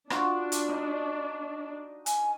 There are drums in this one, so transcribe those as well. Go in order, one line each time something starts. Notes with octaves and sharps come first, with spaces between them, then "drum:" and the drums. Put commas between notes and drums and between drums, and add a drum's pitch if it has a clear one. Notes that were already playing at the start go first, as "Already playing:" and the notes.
D4 F4 F#4 D5, drum: rim click
drum: hi-hat
D#4 D#5
G#5, drum: hi-hat